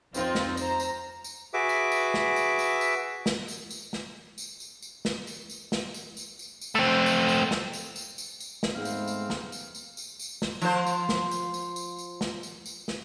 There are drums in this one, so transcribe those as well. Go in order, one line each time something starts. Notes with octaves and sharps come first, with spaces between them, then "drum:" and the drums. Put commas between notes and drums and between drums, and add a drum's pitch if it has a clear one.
F2 C4 D#4 F4, drum: tambourine
drum: snare
C5 A#5, drum: tambourine
drum: tambourine
drum: tambourine
F#4 G#4 B4 E5 D6
drum: tambourine
drum: tambourine
drum: snare
drum: tambourine
drum: tambourine
drum: tambourine
drum: snare
drum: tambourine
drum: tambourine
drum: snare
drum: tambourine
drum: tambourine
drum: tambourine
drum: snare
drum: tambourine
drum: tambourine
drum: snare
drum: tambourine
drum: tambourine
drum: tambourine
drum: tambourine
A3 C4
drum: tambourine
drum: tambourine
drum: snare
drum: tambourine
drum: tambourine
drum: tambourine
drum: tambourine
drum: snare
G#2 G#3 A3 B3 C4 F5
drum: tambourine
drum: tambourine
drum: snare
drum: tambourine
drum: tambourine
drum: tambourine
drum: tambourine
drum: snare
F3 C5, drum: tambourine
drum: tambourine
drum: snare
drum: tambourine
drum: tambourine
drum: tambourine
drum: tambourine
drum: snare
drum: tambourine
drum: tambourine
drum: snare